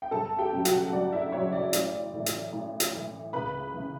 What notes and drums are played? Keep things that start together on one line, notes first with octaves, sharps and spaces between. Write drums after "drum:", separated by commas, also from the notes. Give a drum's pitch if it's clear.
G5
G1 A4 A5
G4 G5
F#2 C#3 F#3
F#4 F#5, drum: hi-hat
G1 D5
E4 E5
F#2 C#3 F#3 C#5
D5
A1, drum: hi-hat
A2 E3
drum: hi-hat
A1
drum: hi-hat
A2 E3
C#2 B4 B5
C#3 E3